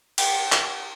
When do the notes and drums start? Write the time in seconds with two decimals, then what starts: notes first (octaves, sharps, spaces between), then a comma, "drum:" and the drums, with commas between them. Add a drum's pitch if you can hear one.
0.18 G4, drum: cymbal
0.52 drum: clap